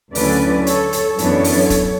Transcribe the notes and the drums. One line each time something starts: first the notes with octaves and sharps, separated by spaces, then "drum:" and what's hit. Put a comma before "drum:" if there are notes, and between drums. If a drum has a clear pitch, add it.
D2 D3 F#3 C#4 E4 B4 D5, drum: open hi-hat
A4 C#5, drum: hi-hat
drum: hi-hat
F#2 E3 B3 D4 A4 C#5, drum: hi-hat
drum: open hi-hat
drum: kick, hi-hat